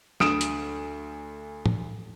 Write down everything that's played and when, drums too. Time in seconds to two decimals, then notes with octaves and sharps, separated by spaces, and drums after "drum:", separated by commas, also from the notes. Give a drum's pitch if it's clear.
0.20 D2 D#6 D7 E7, drum: snare
0.41 drum: hi-hat
1.66 drum: tom A2